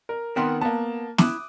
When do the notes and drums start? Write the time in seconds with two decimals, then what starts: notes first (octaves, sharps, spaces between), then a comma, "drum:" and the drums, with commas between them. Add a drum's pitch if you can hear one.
0.09 A#4
0.36 D#3 B3 C4 A#4 F#5 C6
0.61 A#3 B3 A5
1.18 E4 D6 D#6 F#6, drum: snare